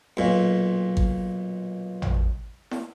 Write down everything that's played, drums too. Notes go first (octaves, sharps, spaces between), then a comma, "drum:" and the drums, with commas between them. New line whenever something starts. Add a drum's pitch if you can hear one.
B1 A#2
drum: kick G#1
drum: tom
drum: snare